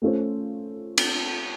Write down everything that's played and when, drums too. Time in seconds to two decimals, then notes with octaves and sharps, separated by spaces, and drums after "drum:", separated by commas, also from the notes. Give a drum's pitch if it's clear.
0.02 A3 C#4 F4 A4 C5
0.98 drum: cymbal